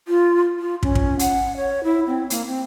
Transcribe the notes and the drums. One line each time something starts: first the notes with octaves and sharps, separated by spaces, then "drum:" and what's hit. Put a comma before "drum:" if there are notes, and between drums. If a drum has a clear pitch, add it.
F4
F4
C#4, drum: kick
drum: kick
F#5, drum: hi-hat
C#5
E4
C4
A#3, drum: hi-hat
C4